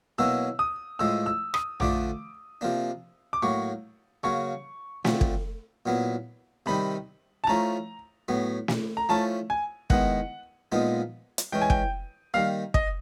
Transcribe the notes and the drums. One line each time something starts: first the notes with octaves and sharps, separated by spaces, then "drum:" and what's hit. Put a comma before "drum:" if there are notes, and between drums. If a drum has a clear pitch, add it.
B2 F#3 A#3 C#4 E4 E6
D#6
A2 F3 G#3 E6
E6
D#6, drum: rim click
D3 F3 A3 D4 D6, drum: tom A#1
C3 F3 A#3 D4
D6
A2 F#3 A#3 C#6
C#3 F#3 A#3 C#6
D3 F3 A3 C4, drum: snare
drum: kick
A#2 F#3 B3 E4
C3 D#3 G3 C4 D#4 B5
A5
F3 A3 C#4 E4 A#5
A2 F#3 B3
drum: snare
A#5
F3 A3 C#4 E4 A5
G#5
D#3 G#3 B3 E4 F#5, drum: kick
A#2 F3 G#3 B3 D#4
drum: hi-hat
E3 G#3 C#4 G5
G#5
G5, drum: kick
D#3 G3 A#3 F5
D#5, drum: kick